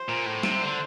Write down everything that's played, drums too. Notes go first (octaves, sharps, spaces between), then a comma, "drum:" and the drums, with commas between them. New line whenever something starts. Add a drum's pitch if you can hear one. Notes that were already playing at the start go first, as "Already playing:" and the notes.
Already playing: C5
A#2
A2
C3, drum: snare
D3